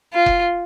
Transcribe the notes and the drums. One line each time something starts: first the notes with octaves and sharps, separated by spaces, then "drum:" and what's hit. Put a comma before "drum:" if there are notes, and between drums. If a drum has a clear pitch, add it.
F4
drum: kick F1